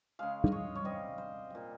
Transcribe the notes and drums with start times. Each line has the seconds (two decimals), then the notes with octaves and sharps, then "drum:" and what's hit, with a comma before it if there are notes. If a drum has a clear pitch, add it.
0.19 C#3 G#3 F5
0.44 D#5, drum: tom
0.52 C#5
0.75 C#5
0.85 C3 G3 D#5
1.18 C5
1.50 A#2 G3